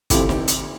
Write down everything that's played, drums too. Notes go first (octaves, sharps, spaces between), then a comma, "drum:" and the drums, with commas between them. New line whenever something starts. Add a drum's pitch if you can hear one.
D2 C3 F3 A3 E4 G4, drum: kick, hi-hat
drum: snare D#4
drum: hi-hat